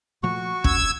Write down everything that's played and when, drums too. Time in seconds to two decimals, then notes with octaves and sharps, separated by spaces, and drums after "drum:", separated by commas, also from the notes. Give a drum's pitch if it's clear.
0.23 A#2 F3 A3 F#4 C#6
0.64 D1 A#1 C#4 E6 G#6, drum: kick